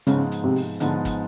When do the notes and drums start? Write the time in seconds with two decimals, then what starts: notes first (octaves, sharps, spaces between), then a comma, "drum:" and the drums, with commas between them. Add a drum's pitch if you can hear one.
0.07 G#2 C#3 F3 G#3 B3, drum: hi-hat
0.32 drum: hi-hat
0.44 C3
0.56 drum: open hi-hat
0.80 G#2 D3 F3 G#3 B3, drum: hi-hat
1.05 drum: kick, hi-hat